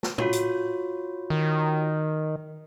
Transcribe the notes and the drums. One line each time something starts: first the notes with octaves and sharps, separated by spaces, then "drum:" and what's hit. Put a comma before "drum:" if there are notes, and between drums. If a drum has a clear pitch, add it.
drum: snare
F4 F#4 C#5, drum: tom
drum: hi-hat
D#3